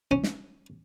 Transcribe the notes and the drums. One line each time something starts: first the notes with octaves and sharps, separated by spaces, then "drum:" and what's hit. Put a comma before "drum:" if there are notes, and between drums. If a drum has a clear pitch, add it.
C#4
drum: snare